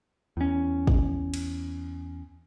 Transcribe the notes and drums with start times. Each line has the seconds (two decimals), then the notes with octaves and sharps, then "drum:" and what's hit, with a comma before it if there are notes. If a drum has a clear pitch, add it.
0.37 E2 C#4
0.87 drum: kick
1.34 drum: cymbal